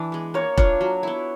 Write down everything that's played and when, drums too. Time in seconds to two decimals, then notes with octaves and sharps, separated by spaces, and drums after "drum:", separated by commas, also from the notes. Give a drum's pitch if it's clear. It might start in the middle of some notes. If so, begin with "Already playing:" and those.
Already playing: E3 D4 D5
0.12 G#3 B3
0.34 A#3 C#5
0.58 D4 F4 C#5, drum: kick E1
0.81 F#3
1.03 B3 E4